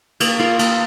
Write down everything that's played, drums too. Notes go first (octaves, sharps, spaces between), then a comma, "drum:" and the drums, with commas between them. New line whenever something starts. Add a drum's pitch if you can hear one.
A#3, drum: cymbal
F4 A#4
A#3, drum: cymbal